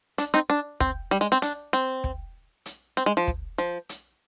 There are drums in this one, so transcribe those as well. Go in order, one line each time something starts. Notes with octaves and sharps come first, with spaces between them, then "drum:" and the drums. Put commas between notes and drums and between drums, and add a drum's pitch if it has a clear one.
D4, drum: hi-hat
C4 D#4
D4
C4, drum: kick
G3
G#3
C4
D4, drum: hi-hat
C4
drum: kick
drum: hi-hat
C4
G#3
F3
drum: kick
F3
drum: hi-hat